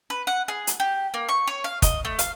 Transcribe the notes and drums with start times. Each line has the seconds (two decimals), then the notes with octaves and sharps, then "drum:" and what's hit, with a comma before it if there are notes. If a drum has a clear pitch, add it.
0.10 B4
0.27 F#5
0.48 G#4
0.67 drum: hi-hat
0.80 G4
1.14 A#3
1.29 C#6
1.47 C#5
1.64 F5
1.82 D#5, drum: kick, hi-hat
2.05 A3
2.19 F5, drum: hi-hat